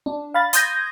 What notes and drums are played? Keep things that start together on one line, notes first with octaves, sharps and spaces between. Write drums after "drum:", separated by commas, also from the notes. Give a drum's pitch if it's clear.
D4
F5 B5 A6
C6 D#6 G6 G#6 A#6, drum: hi-hat